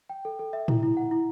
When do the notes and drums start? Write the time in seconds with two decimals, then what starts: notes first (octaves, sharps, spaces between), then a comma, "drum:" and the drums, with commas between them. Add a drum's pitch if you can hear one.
0.10 G5
0.25 A4
0.39 A4
0.53 E5
0.68 E4, drum: tom A2
0.83 E4
0.97 F#5
1.11 E4